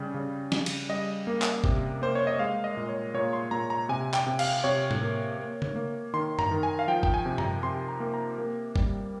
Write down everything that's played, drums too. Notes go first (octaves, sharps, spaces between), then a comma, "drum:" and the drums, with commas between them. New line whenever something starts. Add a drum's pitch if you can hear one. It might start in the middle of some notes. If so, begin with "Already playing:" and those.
Already playing: C#3 G3
C#3
C#3, drum: snare
drum: cymbal
G3 D#5
A#3
drum: clap
C3, drum: kick
A#3 C5
C#5
D#5
G#3 F5
D#5
A#2
C#5
A#2 C#5
C6
A#2 A#5
A#5
C3 G#5
G5, drum: clap
C3
F5, drum: cymbal
C3 C#5
drum: tom A2
A#3
A#3
drum: tom C#3
A#3
D#3 C6
A#5, drum: tom F#2
D#3
G#5
F5
F3 G5
G5, drum: kick
G#5
C3
A#5, drum: tom F#2
C3 C6
A#5
A#3
A#5
A#3
G3, drum: kick